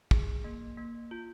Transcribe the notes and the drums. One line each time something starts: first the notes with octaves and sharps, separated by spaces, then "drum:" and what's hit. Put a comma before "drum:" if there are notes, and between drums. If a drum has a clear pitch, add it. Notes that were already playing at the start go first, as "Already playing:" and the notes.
G#4, drum: kick
A#3
A#3
F4